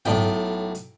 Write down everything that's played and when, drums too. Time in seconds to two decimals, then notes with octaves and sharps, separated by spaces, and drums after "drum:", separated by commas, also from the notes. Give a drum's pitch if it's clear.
0.05 B1 A2 G5, drum: tom G#2
0.75 drum: hi-hat